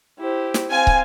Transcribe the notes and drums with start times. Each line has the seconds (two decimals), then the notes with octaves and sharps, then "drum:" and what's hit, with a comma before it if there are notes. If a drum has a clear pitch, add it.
0.19 E4 G4 C5
0.54 drum: snare
0.71 C4 F5 G#5
0.87 drum: kick